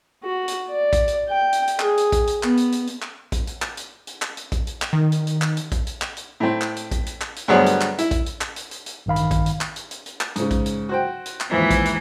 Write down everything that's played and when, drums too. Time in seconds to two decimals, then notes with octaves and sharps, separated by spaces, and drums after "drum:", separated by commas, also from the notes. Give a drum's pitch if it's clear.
0.24 F#4
0.48 drum: hi-hat
0.69 D5
0.93 drum: kick A#1, hi-hat
1.08 drum: hi-hat
1.29 G5
1.53 drum: hi-hat
1.68 drum: hi-hat
1.80 G#4, drum: clap
1.97 drum: hi-hat
2.12 drum: kick A#1, hi-hat
2.27 drum: hi-hat
2.43 B3, drum: clap
2.57 drum: hi-hat
2.72 drum: hi-hat
2.87 drum: hi-hat
3.02 drum: clap
3.32 drum: kick A#1, hi-hat
3.47 drum: hi-hat
3.62 drum: clap
3.77 drum: hi-hat
4.07 drum: hi-hat
4.22 drum: clap
4.37 drum: hi-hat
4.52 drum: kick A#1, hi-hat
4.67 drum: hi-hat
4.82 drum: clap
4.93 D#3
5.12 drum: hi-hat
5.27 drum: hi-hat
5.42 drum: clap
5.57 drum: hi-hat
5.72 drum: kick A#1, hi-hat
5.87 drum: hi-hat
6.02 drum: clap
6.17 drum: hi-hat
6.40 A2 C4
6.62 drum: clap
6.76 drum: hi-hat
6.91 drum: kick A#1, hi-hat
7.06 drum: hi-hat
7.21 drum: clap
7.36 drum: hi-hat
7.48 D2 G2 F#3 B3 G#4 C5
7.66 drum: hi-hat
7.81 drum: clap
7.98 E4, drum: hi-hat
8.11 drum: kick A#1, hi-hat
8.26 drum: hi-hat
8.41 drum: clap
8.56 drum: hi-hat
8.71 drum: hi-hat
8.86 drum: hi-hat
9.06 A1 G2 D#3 F5 B5
9.16 drum: hi-hat
9.31 drum: kick A#1, hi-hat
9.46 drum: hi-hat
9.61 drum: clap
9.76 drum: hi-hat
9.91 drum: hi-hat
10.06 drum: hi-hat
10.21 drum: clap
10.36 G#2 C#3, drum: hi-hat
10.51 drum: kick A#1, hi-hat
10.66 drum: hi-hat
10.89 F#4 C5 G5
11.26 drum: hi-hat
11.41 drum: clap
11.51 D#2 G#2 E3 F3
11.70 drum: kick A#1, hi-hat
11.85 drum: hi-hat